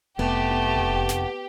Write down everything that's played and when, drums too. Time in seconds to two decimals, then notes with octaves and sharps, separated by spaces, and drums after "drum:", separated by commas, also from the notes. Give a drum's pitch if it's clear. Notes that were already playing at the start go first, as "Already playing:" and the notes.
0.19 F1 A3 B3 G4
0.51 drum: tom B3
0.77 drum: kick E1
1.09 drum: snare